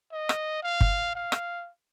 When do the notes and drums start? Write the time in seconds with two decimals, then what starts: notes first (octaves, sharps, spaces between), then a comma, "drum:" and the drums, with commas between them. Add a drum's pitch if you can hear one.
0.12 D#5
0.29 drum: rim click
0.63 F5
0.81 drum: kick
1.15 F5
1.32 drum: rim click